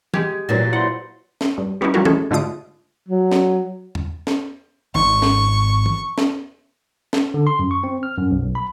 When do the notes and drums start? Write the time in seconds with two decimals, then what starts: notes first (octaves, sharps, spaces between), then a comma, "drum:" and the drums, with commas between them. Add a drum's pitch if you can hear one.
0.14 G#3 G4 G#6, drum: tom
0.49 A#2 E3 F#3 A#3 A6 A#6
0.73 E4 C5 F#5 C6
1.41 drum: snare
1.58 G2
1.81 G3 B3 C#4 D#4 E4
1.94 F3 G3 C#4 E4 F#4 A#4
2.05 G#3 A3 C#4 E4 A4, drum: tom
2.31 G#2 D3 A3 F4 D#6 D7
3.09 F#3
3.32 drum: snare
3.95 drum: tom
4.27 drum: snare
4.95 G#1 G#2 C#6
5.22 drum: snare
5.86 drum: tom
6.18 drum: snare
7.13 drum: snare
7.34 D3
7.47 C6
7.59 F#2
7.71 C#6
7.84 C4
8.03 F6
8.17 F#2
8.31 B1
8.55 B5